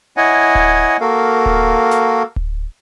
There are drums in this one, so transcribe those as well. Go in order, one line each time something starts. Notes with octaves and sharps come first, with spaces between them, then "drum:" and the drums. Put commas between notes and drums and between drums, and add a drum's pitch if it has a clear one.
E4 C#5 D#5 F#5 G#5
drum: kick D1
A#3 F#4 A4 A#4 F5
drum: kick D1
drum: snare
drum: kick D1